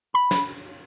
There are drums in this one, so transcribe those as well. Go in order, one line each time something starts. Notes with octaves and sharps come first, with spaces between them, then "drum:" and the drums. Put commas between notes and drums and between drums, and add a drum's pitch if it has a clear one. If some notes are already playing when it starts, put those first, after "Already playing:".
B5
drum: snare